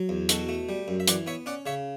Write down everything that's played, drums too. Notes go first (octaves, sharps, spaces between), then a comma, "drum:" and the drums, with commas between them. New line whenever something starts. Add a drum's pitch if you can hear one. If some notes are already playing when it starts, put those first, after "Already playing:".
Already playing: F#3
E2
B2 F#4 A4, drum: hi-hat
A3
G3
F#2
E5
E3 D5 F#5, drum: hi-hat
B3 C#5 E5
C#4 D5 F#5
C#3 C#5 E5